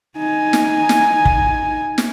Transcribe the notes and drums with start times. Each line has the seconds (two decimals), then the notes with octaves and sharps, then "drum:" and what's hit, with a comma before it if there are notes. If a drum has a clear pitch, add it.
0.17 D#4 G#5
0.53 drum: snare
0.89 drum: snare
1.25 drum: kick
1.98 drum: snare